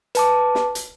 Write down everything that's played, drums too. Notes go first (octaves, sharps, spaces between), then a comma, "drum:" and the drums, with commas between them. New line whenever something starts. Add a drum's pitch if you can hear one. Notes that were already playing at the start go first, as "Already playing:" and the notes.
B4 A5 D6, drum: hi-hat
drum: snare
drum: hi-hat